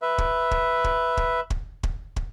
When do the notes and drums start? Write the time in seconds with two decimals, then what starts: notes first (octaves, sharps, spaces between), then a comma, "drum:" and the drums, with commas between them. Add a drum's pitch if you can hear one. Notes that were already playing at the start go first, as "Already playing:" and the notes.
0.02 B4 E5
0.18 drum: kick
0.51 drum: kick
0.84 drum: kick
1.17 drum: kick
1.50 drum: kick
1.83 drum: kick
2.16 drum: kick